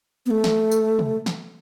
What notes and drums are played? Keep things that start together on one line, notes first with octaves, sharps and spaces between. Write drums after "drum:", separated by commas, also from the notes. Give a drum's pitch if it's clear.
B3
A3
drum: snare
drum: tambourine
drum: tom
drum: snare